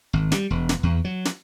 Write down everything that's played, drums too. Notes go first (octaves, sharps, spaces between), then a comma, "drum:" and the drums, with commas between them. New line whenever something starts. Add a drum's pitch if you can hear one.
G#1
G3, drum: snare
E1
drum: snare
E2
F#3
drum: snare